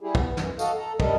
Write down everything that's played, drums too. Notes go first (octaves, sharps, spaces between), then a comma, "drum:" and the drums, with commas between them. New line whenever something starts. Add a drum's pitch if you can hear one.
G3 E4 G4 G#4
B3, drum: kick
F#2 E3, drum: snare
F#4 A4 D#5 F5, drum: tambourine
A4 A#5
F#2 C3 G3 A4 A#4 D#5, drum: kick